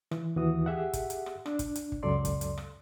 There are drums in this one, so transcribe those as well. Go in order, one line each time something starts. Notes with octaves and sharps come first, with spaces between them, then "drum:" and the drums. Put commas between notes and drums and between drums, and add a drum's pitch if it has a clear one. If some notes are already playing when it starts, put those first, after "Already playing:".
E3, drum: rim click
D#2 E3 F#4 D#6
G4 G#4 E5 F#5
drum: kick, hi-hat
drum: hi-hat
drum: rim click
D4, drum: rim click
drum: kick, hi-hat
drum: hi-hat
drum: kick
C#2 F#2 F#3 A4 D5 C6
drum: kick, hi-hat
drum: hi-hat
drum: rim click